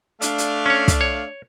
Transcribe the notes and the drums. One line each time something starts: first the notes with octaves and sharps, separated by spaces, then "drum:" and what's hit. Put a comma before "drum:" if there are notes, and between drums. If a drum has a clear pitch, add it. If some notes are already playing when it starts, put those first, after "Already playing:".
A3 D4 F5, drum: hi-hat
drum: hi-hat
C#4 C#5
drum: kick, hi-hat
C#5